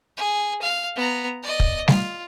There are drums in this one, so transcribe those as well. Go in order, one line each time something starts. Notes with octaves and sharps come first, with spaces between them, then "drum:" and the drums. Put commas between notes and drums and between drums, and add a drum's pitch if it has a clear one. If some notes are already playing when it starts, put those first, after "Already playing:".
G#4
F5
B3 A#5
D5 D#5
drum: kick
F4, drum: snare G3